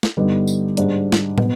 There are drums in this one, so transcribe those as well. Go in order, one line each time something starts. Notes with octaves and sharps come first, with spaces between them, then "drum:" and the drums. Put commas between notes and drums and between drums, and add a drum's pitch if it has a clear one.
drum: snare
G2 D3 G3 B3 D#4
drum: tambourine
G#2 G3 D4, drum: hi-hat
drum: snare
B2 B3, drum: tom